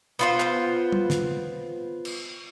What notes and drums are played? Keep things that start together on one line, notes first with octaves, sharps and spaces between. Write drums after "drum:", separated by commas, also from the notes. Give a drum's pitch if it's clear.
B3 F4 C5
drum: clap
drum: tom
drum: snare
drum: cymbal